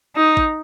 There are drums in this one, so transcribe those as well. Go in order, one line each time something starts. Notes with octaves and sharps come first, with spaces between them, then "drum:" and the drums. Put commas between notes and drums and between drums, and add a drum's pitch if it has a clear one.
D#4
drum: kick